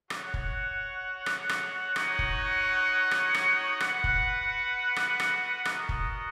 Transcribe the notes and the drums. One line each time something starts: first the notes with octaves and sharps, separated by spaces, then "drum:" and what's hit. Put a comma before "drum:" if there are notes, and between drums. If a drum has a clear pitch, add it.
F#4 C#5 F#5, drum: rim click
drum: kick
drum: rim click
drum: rim click
D#4 F#4 C#5 F#5, drum: rim click
drum: kick
drum: rim click
drum: rim click
F#4 B4 F#5, drum: rim click
drum: kick
drum: rim click
drum: rim click
B3 F#4 A#4 D#5 F#5, drum: rim click
drum: kick